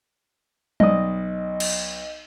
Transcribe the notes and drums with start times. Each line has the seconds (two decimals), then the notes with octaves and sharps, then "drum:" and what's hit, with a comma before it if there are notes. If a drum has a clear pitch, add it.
0.80 B1 D5 D#5 D#6, drum: tom G3
1.60 drum: cymbal